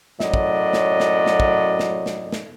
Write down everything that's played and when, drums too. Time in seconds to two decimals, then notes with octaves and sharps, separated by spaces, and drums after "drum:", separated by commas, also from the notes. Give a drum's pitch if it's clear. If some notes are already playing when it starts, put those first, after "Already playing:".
0.20 F#2 A2 F#3 D5 D#5, drum: snare
0.34 drum: kick
0.73 drum: snare
1.00 drum: snare
1.26 drum: snare
1.40 drum: kick
1.79 drum: snare
2.06 drum: snare
2.32 drum: snare